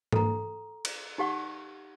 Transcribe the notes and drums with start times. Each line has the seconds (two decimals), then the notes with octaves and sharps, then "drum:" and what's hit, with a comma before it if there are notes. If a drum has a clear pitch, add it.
0.12 A4 A#5, drum: tom G#2
0.85 drum: cymbal
1.18 D#4 G4 F#5 C#6